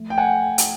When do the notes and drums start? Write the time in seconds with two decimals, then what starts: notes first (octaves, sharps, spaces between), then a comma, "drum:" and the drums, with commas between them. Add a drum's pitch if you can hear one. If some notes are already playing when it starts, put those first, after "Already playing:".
Already playing: F3 A3
0.10 G5
0.18 F#5 G#5
0.58 drum: hi-hat